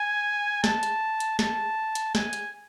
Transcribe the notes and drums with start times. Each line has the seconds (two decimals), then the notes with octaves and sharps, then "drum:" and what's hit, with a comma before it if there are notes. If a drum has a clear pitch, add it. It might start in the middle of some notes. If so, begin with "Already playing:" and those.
Already playing: G#5
0.64 A5, drum: snare
0.83 drum: hi-hat
1.20 drum: hi-hat
1.39 A5, drum: snare
1.95 drum: hi-hat
2.15 G#5, drum: snare
2.33 drum: hi-hat